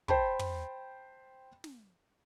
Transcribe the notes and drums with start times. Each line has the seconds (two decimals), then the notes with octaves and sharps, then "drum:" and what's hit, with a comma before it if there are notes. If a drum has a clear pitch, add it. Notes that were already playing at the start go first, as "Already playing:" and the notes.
0.08 C5 G5 A5 B5, drum: kick
0.39 drum: tom
1.64 drum: snare